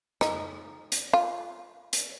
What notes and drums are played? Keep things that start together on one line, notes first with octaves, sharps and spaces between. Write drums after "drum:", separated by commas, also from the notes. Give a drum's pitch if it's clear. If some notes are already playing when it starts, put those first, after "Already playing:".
D#4, drum: rim click
drum: hi-hat
F4
drum: hi-hat